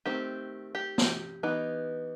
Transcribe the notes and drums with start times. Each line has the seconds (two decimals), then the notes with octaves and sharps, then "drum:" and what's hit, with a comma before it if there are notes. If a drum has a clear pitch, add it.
0.06 D#3 A3 C4 G4
0.75 G4
0.98 drum: snare
1.43 E3 B3 D#4